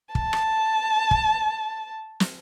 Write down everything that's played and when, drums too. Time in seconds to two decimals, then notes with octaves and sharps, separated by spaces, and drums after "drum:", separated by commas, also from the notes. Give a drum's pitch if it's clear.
0.15 A5, drum: kick
0.33 drum: rim click
1.11 drum: kick
2.20 drum: snare